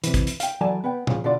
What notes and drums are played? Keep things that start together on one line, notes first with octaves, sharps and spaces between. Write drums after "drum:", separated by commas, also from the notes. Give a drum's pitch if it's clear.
C3 E3, drum: hi-hat
drum: kick, hi-hat
drum: hi-hat
F5 G5, drum: hi-hat
E3 F#3 A4 D5 G#5 A5
B3 B4 F#5 G5
A#2 C#3 F3, drum: tom
B2 D3 F4 D5 C6